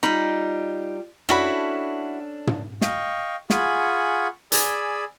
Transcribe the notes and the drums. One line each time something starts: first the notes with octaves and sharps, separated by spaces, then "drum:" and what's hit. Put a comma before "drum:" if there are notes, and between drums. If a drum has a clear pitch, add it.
G3 D#4 F4 B5
C#4 D4 E4 F#4 A4 B5, drum: rim click
drum: tom
D#5 F5 G5 C#6, drum: snare
F4 G#4 F#5 G#5 B5 C#6, drum: snare
G#4 D5 G#5 B5 E6, drum: hi-hat